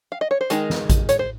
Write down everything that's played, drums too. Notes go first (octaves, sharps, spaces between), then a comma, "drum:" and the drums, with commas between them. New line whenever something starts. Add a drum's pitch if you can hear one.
F5
D#5
C#5
C5
D#3 G#3 D#4 A#4, drum: hi-hat
drum: snare
drum: kick A1, hi-hat
C#5, drum: hi-hat
C5